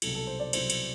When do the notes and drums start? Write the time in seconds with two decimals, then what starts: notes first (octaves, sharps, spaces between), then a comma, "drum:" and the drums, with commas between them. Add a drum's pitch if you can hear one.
0.02 C2 B2 F#3 A4, drum: cymbal
0.15 A4
0.27 C5
0.40 D5
0.53 C2 B2 F#3 C5, drum: cymbal
0.70 drum: cymbal